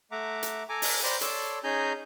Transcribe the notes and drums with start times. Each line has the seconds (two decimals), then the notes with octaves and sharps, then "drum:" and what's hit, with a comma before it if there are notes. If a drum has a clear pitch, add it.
0.11 A3 E5 F#5 A#5 D6
0.43 drum: hi-hat
0.69 A4 G#5 A#5 D6
0.82 drum: open hi-hat
1.03 C5 D5 G5 A#5 B5
1.21 A4 C#5 D5 A5 C6 E6, drum: hi-hat
1.64 C#4 D#4 G#4 G#5 A#5 G6